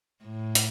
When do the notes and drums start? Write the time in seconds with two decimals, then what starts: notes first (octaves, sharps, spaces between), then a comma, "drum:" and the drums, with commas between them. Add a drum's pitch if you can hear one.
0.24 A2
0.55 drum: hi-hat